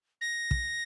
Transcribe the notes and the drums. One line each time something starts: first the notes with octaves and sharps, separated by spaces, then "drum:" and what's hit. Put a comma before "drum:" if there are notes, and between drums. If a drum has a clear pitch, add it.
A#6
drum: kick